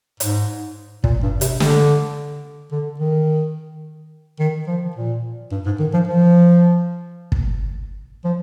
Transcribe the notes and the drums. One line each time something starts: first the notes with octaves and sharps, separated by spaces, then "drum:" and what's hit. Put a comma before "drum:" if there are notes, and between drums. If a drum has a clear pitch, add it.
G#2, drum: hi-hat
A#2, drum: kick
G2
C3, drum: hi-hat
D3, drum: snare
D3
D#3
D#3
F3
A#2
G2
G#2
D#3
F3
F3
drum: kick
F3